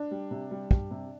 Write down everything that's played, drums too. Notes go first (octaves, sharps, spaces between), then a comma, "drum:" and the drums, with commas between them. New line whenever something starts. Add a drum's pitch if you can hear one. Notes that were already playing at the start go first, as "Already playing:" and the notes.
Already playing: D4
G3
C3
G3
G3, drum: kick
C3